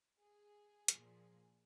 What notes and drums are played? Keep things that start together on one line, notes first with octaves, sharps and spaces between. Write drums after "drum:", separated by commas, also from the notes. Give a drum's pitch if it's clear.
G#4
A#2 F3, drum: hi-hat